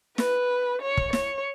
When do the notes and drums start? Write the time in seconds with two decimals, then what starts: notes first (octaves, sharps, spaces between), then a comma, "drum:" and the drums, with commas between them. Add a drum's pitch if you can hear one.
0.18 B4, drum: snare
0.82 C#5
0.97 drum: kick
1.13 C#5, drum: snare